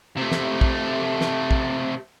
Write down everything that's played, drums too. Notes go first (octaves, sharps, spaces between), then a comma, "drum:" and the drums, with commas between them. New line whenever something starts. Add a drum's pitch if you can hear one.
C3 A3
drum: snare
drum: kick
drum: snare
drum: kick